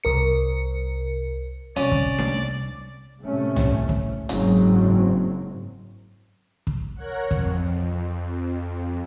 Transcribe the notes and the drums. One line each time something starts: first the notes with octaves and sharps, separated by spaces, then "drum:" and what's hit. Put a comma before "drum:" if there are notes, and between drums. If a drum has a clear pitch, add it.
C2 A#4 C#7
C2 C#4 D5 D#6, drum: hi-hat
drum: kick
drum: snare D4
A2 C3 A3 C#4
drum: tom
drum: kick
F#1 G#2 F#3 C4, drum: hi-hat
drum: kick
A#4 C#5 F#5
F2, drum: kick